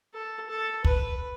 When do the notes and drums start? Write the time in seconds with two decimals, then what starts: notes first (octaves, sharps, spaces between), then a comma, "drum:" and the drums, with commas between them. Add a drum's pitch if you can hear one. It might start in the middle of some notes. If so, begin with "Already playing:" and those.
0.14 A4
0.49 A4
0.85 B4, drum: kick